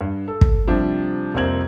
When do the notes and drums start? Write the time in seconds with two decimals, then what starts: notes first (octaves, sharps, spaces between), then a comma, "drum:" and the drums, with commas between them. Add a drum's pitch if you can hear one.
0.01 G2
0.28 A4
0.41 drum: kick
0.68 C3 F3 G3 C4 D4
1.34 C2 F2 A#3 C4 G#6 F#7